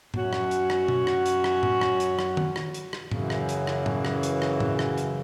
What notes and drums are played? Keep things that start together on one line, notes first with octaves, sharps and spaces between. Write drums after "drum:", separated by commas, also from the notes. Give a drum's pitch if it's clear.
F#2 F#3 C#4 F#4 C#5, drum: tom A2
drum: rim click
drum: hi-hat
drum: rim click
drum: tom
drum: rim click
drum: hi-hat
drum: rim click
drum: tom A2
drum: rim click
drum: hi-hat
drum: rim click
drum: tom
drum: rim click
drum: hi-hat
drum: rim click
F#2 C#3 E3, drum: tom A2
drum: rim click
drum: hi-hat
drum: rim click
drum: tom
drum: rim click
drum: hi-hat
drum: rim click
drum: tom A2
drum: rim click
drum: hi-hat